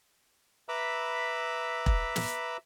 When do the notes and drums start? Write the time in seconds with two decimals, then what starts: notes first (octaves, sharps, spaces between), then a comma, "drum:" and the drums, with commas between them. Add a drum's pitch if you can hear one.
0.69 B4 E5 A#5 B5 D6 E6
1.86 drum: kick E1
2.16 drum: snare